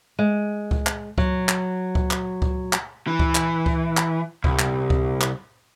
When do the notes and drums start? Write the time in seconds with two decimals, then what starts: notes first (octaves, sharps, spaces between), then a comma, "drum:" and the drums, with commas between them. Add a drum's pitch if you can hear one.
0.19 G#3
0.71 drum: kick C#2
0.87 drum: clap
1.18 F#3, drum: kick C#2
1.49 drum: clap
1.95 drum: kick C#2
2.11 drum: clap
2.42 drum: kick C#2
2.73 drum: clap
3.07 E3
3.19 drum: kick C#2
3.35 drum: clap
3.66 drum: kick C#2
3.97 drum: clap
4.44 C2, drum: kick C#2
4.59 drum: clap
4.90 drum: kick C#2
5.21 drum: clap